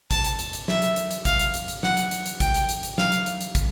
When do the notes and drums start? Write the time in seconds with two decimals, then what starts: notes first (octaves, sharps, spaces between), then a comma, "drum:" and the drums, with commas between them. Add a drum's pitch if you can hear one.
0.11 A5, drum: kick, hi-hat
0.24 drum: hi-hat
0.39 drum: hi-hat
0.53 drum: hi-hat
0.68 E5, drum: snare
0.82 drum: hi-hat
0.96 drum: hi-hat
1.11 drum: hi-hat
1.25 F5, drum: kick, hi-hat
1.39 drum: hi-hat
1.54 drum: hi-hat
1.68 drum: hi-hat
1.83 F#5, drum: snare
1.97 drum: hi-hat
2.11 drum: hi-hat
2.26 drum: hi-hat
2.40 G5, drum: kick, hi-hat
2.54 drum: hi-hat
2.69 drum: hi-hat
2.83 drum: hi-hat
2.98 F5, drum: snare
3.12 drum: hi-hat
3.26 drum: hi-hat
3.41 drum: hi-hat
3.55 drum: kick, hi-hat